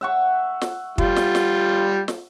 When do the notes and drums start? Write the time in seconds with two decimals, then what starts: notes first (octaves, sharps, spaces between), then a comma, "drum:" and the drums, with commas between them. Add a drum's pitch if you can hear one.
0.01 E5 F#5 C#6
0.61 drum: snare
0.98 G3 F4, drum: kick
1.16 drum: snare
1.35 drum: snare
2.08 drum: snare